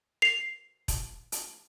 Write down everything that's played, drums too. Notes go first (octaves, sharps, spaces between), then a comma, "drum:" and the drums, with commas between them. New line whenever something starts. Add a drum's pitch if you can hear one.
C7 F7
drum: kick E1, hi-hat
drum: hi-hat